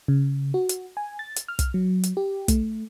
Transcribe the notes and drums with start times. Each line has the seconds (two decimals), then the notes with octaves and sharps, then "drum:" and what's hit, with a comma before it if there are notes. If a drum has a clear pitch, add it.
0.08 C#3
0.54 F#4
0.69 drum: hi-hat
0.97 G#5
1.19 A6
1.36 drum: hi-hat
1.48 F6
1.59 drum: kick, hi-hat
1.74 F#3
2.03 drum: hi-hat
2.17 G4
2.48 A3, drum: kick, hi-hat